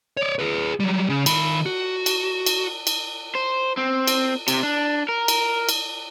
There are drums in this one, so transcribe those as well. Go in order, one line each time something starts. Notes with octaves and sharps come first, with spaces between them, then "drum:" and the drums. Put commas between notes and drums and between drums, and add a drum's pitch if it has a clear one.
C#5 D5
G#4 B4
F#3 G3
C#3
D#3 B5, drum: cymbal
F#4
drum: cymbal
drum: cymbal
drum: cymbal
C5
C4
drum: cymbal
C3, drum: cymbal
D4
A#4
drum: cymbal
drum: cymbal